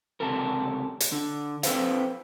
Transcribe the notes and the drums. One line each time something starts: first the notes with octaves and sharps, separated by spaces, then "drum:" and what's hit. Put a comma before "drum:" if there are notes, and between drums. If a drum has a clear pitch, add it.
C#2 C3 A4 A#4
drum: hi-hat
D3
C4 A4 B4 C5 F5, drum: hi-hat